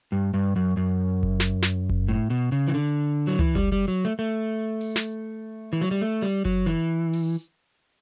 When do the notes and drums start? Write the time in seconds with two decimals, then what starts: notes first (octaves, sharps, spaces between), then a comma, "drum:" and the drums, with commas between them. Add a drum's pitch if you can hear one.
0.12 G2
0.34 G2
0.56 F#2
0.77 F#2
1.23 drum: kick F#1
1.40 drum: snare
1.62 drum: snare
1.89 drum: kick F#1
2.08 A2
2.30 B2
2.52 C#3
2.68 E3
2.74 D3
3.27 F#3
3.39 E3, drum: tom C#2
3.55 G3, drum: kick F#1
3.72 G3
3.88 F#3
4.05 A3
4.19 A3
4.81 drum: open hi-hat
4.96 drum: snare
5.73 E3
5.81 F#3
5.91 G3
6.01 A3
6.22 G3
6.45 F#3, drum: kick F#1
6.66 E3
7.13 drum: open hi-hat